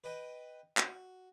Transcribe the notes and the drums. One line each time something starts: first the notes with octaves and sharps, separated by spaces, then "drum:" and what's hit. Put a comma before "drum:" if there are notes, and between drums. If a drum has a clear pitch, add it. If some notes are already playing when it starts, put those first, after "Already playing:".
B4 D#5 G5
F#4, drum: clap